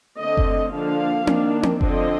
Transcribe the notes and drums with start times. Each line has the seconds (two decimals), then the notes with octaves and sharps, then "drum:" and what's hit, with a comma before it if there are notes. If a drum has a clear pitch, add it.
0.19 D3 A3 C4 D#5
0.37 drum: kick F#1
0.73 D3 F3 A#3 D4 F5
1.27 D#3 A#3 D4, drum: tom C4
1.63 drum: tom C4
1.81 D3 F3 C4 D#5, drum: kick F#1